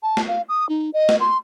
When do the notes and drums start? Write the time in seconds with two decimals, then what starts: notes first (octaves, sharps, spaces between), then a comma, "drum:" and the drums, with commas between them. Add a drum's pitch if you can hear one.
0.03 A5
0.17 drum: snare
0.28 F5
0.49 D#6
0.69 D#4
0.93 D#5
1.09 drum: snare
1.20 C6